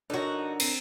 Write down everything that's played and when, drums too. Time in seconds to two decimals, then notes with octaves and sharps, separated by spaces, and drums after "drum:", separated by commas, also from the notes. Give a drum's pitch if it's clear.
0.10 D4 D#4 F#4 A4 A#4 C#5
0.60 C4 C7 D#7, drum: cymbal